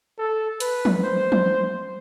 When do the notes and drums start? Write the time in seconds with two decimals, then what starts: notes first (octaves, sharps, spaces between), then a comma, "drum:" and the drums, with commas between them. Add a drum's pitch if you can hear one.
0.18 A4
0.60 B4, drum: hi-hat
0.85 drum: tom
1.04 C5
1.32 drum: tom